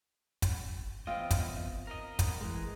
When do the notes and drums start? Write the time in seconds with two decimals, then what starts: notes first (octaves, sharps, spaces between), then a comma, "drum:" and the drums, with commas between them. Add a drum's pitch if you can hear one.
0.42 drum: kick, hi-hat
1.07 E2 C4 F4 D#5
1.31 drum: kick, hi-hat
1.87 A#4 D#5
2.19 drum: kick, hi-hat
2.41 E3 G#3